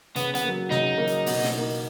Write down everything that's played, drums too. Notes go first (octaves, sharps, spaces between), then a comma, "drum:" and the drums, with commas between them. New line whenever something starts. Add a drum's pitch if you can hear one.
C#3 B3, drum: hi-hat
B3, drum: hi-hat
F#3 A#3
C#3 D#4, drum: snare
F#3 A#3
drum: hi-hat
B2, drum: open hi-hat
drum: snare
A#3 D#4